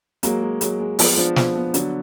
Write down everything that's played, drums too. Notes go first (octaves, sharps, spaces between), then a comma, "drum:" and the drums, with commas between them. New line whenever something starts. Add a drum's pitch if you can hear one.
F#3 G#3 A#3, drum: hi-hat
G#3
F#3 G#3, drum: hi-hat
G#3
F3 B3, drum: open hi-hat
F3 D4
F3 B3, drum: snare
B3
D3 F#3, drum: hi-hat